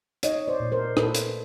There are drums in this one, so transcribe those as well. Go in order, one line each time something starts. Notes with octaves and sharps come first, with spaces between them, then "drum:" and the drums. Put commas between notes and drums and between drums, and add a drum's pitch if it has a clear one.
D#4 C#5 D#5, drum: hi-hat
C5 D5
A#2
A#4 C5
A#2 A4 B4, drum: rim click
drum: hi-hat